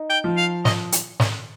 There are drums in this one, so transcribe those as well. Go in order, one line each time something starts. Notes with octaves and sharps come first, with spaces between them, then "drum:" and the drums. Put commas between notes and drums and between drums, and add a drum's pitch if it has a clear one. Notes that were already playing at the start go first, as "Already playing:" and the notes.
Already playing: D#4
G5
F3
F5
D#5, drum: snare
drum: hi-hat
drum: snare